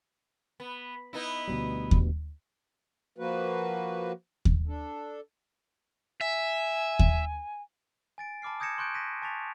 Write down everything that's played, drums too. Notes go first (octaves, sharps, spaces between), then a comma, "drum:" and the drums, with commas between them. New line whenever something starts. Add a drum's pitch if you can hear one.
B3
B3 D#4 E4
D2 B2 G3
drum: kick D#2
F3 A#3 F#4 B4
drum: kick D#2
D4 A4
E5 G#5
drum: kick D#2
G#5 A6 D7
A5 B5 D6 F6 C7
D#6 G6 G#6 A#6 C#7 E7
C6 C#6 F#6 G6 D7
A#6 B6 D#7
G#5 A5 C#6 A6 B6 F7